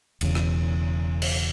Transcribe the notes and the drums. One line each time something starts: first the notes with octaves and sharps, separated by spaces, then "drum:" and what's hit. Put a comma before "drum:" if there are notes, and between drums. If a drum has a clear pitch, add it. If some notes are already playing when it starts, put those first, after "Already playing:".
E1 E2 C#3, drum: cymbal
drum: rim click
drum: cymbal